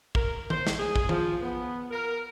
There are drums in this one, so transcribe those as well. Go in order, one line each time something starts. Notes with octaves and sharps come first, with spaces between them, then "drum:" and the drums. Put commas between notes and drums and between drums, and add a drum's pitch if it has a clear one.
A#4, drum: kick
C5, drum: tom D#3
drum: snare
G#4
drum: kick
F3, drum: tom D#3
B3
A#4